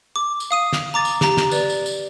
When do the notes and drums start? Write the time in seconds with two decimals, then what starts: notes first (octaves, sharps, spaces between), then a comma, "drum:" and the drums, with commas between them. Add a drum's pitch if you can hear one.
0.16 D6
0.40 drum: tambourine
0.51 F5 D#6 D#7
0.73 drum: snare
0.94 A#5 D6 A6
1.05 drum: tambourine
1.21 G4 A#5, drum: snare
1.37 drum: snare
1.51 B4 D5, drum: tambourine
1.70 drum: tambourine
1.86 drum: tambourine